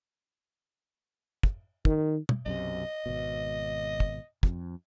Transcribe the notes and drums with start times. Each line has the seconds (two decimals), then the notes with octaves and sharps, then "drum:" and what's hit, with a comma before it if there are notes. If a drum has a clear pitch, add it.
1.43 drum: kick
1.85 D#3, drum: kick
2.29 drum: tom
2.46 B1 F#2 C3 D#5
3.06 G#1 B2
4.00 drum: kick
4.43 F2, drum: kick